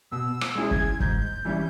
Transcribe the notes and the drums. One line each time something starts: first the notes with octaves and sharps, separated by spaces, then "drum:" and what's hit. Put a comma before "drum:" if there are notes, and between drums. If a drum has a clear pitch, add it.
B2 E6
drum: rim click
G#3 C#4 E4 G#4
G#6, drum: kick
G#2 G6, drum: kick
E3 G3 C#4 E4